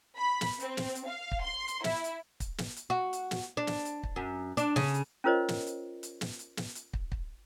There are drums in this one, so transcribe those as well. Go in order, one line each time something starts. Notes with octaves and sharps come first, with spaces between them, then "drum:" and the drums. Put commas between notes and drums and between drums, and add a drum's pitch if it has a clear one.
B5
drum: snare
C4, drum: hi-hat
drum: snare
drum: hi-hat
F5
drum: kick
C6
drum: hi-hat
E4, drum: snare
drum: hi-hat
drum: kick, hi-hat
drum: snare
drum: hi-hat
F#4
drum: hi-hat
drum: snare
D4
drum: snare
drum: hi-hat
drum: kick
F#2
D4, drum: hi-hat
C#3, drum: snare
drum: hi-hat
C#4 F4 A#4 C5 C#5 D#5
drum: snare
drum: hi-hat
drum: hi-hat
drum: snare
drum: hi-hat
drum: snare
drum: hi-hat
drum: kick
drum: kick